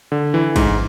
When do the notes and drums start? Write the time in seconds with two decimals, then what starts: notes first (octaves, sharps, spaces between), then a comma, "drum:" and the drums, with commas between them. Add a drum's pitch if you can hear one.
0.12 D3
0.34 E3
0.56 G#2, drum: kick, cymbal